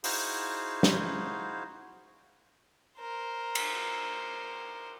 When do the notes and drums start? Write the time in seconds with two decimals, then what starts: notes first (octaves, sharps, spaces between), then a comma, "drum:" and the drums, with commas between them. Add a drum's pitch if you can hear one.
0.04 D#4 E4 F#4 G#4 C5 F5, drum: open hi-hat
0.83 drum: snare
3.00 A#4 C5
3.55 drum: cymbal